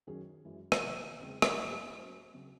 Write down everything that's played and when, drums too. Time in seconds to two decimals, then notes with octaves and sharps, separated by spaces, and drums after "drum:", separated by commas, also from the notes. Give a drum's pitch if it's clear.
0.07 F#2 D#3 F#3 C#4 G#4
0.45 F#2 E3 G#3
0.72 drum: rim click
0.82 C3 D#3 F#3
1.20 E2 C#3 G#3 C4
1.42 drum: rim click
1.58 G#2 F#3 A3
1.96 F#3 C#4 F#4 C5
2.34 C#3 F#3 C4 F#4